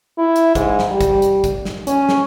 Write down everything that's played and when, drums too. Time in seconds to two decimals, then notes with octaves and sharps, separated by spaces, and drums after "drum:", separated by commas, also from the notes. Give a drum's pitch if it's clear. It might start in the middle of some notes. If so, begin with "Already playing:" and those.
0.18 E4
0.36 drum: hi-hat
0.55 G#2, drum: kick, hi-hat
0.79 drum: snare
0.92 G3
1.01 drum: kick, hi-hat
1.22 drum: hi-hat
1.44 drum: kick, hi-hat
1.65 drum: snare
1.87 C#4, drum: hi-hat
2.09 drum: snare